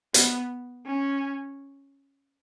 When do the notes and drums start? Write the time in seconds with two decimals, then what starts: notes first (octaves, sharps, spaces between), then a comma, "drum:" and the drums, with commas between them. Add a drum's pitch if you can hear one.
0.14 B3, drum: hi-hat
0.86 C#4